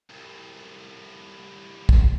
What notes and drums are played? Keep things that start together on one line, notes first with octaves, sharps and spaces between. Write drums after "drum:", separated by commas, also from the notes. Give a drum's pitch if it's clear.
C2 A2
drum: kick